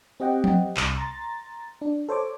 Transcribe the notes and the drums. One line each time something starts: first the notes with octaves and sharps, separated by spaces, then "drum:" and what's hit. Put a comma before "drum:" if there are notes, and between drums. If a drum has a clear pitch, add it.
C4 G4 D#5 F#5 G5
drum: tom
C2, drum: clap
A#5 C6 A6
D4
A4 C5 C#5 D6